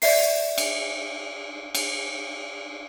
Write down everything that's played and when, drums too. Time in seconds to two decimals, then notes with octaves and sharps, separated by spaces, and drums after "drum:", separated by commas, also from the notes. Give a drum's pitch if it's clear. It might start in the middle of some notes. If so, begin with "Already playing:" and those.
0.02 D5 E5 C7, drum: open hi-hat
0.58 drum: cymbal
1.75 drum: cymbal